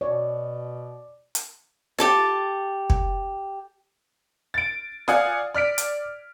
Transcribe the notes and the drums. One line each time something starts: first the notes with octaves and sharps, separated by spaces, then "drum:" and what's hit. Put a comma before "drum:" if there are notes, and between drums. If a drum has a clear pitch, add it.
B2 C#5 D5
drum: hi-hat
G4 A4 A5, drum: snare F4
drum: kick
A6 D7
D5 F5 F#5 G#5 D#6, drum: snare F4
D5 F6 B6 D7
drum: hi-hat